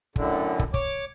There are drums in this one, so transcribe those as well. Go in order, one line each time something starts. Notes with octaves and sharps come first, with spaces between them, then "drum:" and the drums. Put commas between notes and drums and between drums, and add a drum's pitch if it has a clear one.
F#2 A2 D3, drum: kick
drum: kick
C#5 D6, drum: kick